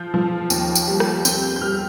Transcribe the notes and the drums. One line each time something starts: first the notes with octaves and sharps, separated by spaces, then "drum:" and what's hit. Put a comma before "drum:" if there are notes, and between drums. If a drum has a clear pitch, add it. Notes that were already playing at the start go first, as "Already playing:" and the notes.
Already playing: F3 G6
F3
D#2, drum: tambourine
drum: tambourine
G3
drum: rim click
C4 G6, drum: tambourine
G6
G6
G3 F6